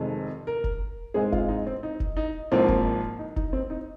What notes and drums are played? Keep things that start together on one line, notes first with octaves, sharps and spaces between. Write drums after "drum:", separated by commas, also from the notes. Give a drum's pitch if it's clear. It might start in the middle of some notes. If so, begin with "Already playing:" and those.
Already playing: F1 F2 D#3 G#3 C4
A#4
drum: kick F1
G#2 G#3 C4 G#4
F4, drum: kick F1
D#4
C4
D#4
drum: kick F1
D#4
G#1 G#2 F3 A#3 C4
drum: kick F1
D#4
D#4, drum: kick F1
C4
D#4